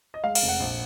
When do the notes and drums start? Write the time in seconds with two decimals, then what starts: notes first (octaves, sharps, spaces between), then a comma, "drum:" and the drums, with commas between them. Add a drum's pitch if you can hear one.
0.14 D#5
0.24 G#3 F5
0.35 F5, drum: cymbal
0.42 F1
0.48 F#5
0.60 A#1